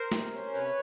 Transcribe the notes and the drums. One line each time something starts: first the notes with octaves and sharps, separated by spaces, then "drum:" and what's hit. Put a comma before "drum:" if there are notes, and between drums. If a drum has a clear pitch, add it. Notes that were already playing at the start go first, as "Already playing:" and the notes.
Already playing: A#4 C5
C3, drum: snare
C#4
C3 B4 C#5